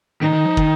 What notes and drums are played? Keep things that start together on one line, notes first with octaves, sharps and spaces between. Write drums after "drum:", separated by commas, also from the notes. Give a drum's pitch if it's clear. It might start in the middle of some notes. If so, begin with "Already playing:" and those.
D#3 D#4
D#3
F3
D#3, drum: kick